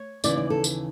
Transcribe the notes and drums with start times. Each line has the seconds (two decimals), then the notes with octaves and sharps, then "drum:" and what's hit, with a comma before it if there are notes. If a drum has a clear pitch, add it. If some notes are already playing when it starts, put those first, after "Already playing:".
Already playing: C#5
0.24 D#2 C#3 E3 D5, drum: tambourine
0.38 D5
0.50 A4
0.64 drum: tambourine